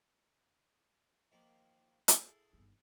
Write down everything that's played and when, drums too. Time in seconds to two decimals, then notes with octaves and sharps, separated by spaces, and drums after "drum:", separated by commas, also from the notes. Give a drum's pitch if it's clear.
1.32 D#3 F3 A#3
2.08 drum: hi-hat
2.24 E4 G#4 A4
2.53 G1 D#3